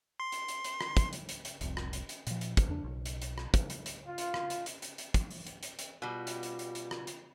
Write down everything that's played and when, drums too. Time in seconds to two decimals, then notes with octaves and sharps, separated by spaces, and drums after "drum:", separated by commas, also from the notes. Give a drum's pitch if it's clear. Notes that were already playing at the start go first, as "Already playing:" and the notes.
0.20 C6
0.32 drum: hi-hat
0.48 drum: hi-hat
0.64 drum: hi-hat
0.81 drum: rim click
0.97 drum: kick, hi-hat
1.13 drum: hi-hat
1.29 drum: hi-hat
1.45 drum: hi-hat
1.61 F1 C2 F2, drum: hi-hat
1.77 drum: rim click
1.93 drum: hi-hat
2.09 drum: hi-hat
2.27 A#2 F3, drum: hi-hat
2.41 drum: hi-hat
2.57 drum: kick, hi-hat
2.68 E2 D4
2.84 B1
3.06 drum: hi-hat
3.22 drum: hi-hat
3.38 drum: rim click
3.54 drum: kick, hi-hat
3.70 drum: hi-hat
3.86 drum: hi-hat
4.06 F4
4.18 drum: hi-hat
4.34 drum: rim click
4.50 drum: hi-hat
4.66 drum: hi-hat
4.82 drum: hi-hat
4.98 drum: hi-hat
5.14 drum: kick, hi-hat
5.30 drum: open hi-hat
5.47 drum: hi-hat
5.63 drum: hi-hat
5.79 drum: hi-hat
6.02 B2 G3 F4
6.27 drum: hi-hat
6.43 drum: hi-hat
6.59 drum: hi-hat
6.75 drum: hi-hat
6.91 drum: rim click
7.07 drum: hi-hat